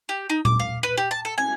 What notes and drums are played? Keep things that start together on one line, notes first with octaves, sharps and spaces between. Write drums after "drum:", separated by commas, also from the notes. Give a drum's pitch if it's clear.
G4
D#4
D6, drum: tom A#2
F5
B4
G4
A5
A4
G#5, drum: cymbal